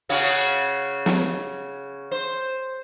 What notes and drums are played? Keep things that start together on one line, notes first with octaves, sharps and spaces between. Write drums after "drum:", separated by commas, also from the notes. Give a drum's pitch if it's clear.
C#3 C#4 F#4, drum: open hi-hat
drum: snare
C5